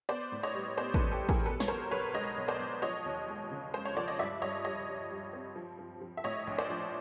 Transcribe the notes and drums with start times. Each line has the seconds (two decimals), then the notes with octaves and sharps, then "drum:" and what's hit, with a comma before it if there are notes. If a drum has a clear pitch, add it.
0.09 B3 C5 D5
0.32 A2
0.43 C#5 D#5
0.54 G3
0.77 B3 C5 D5
0.94 A4 B4, drum: kick A1
1.00 E3
1.12 G4 A4
1.23 G3
1.29 G#4 A#4, drum: kick A1
1.46 B2 A4 B4
1.60 C#5, drum: snare
1.68 B1 A#4 C5
1.91 B1 B4 C#5
2.14 G#3 C#5 D#5
2.37 B1
2.48 C5 D5
2.60 B1
2.82 F3 C#5 D#5
3.05 D#2
3.28 G#3
3.51 C#3
3.74 G#3 C5
3.85 C#5
3.97 F3 D5
4.08 D#5
4.19 G2 D5 E5
4.42 G2 C#5 D#5
4.65 G3 C#5 D#5
4.88 G3
5.11 G3
5.33 C4
5.56 F3
5.79 F3
6.01 F3
6.17 E5
6.24 A2 C#5 D#5
6.47 A#1
6.58 C5 D5
6.70 F3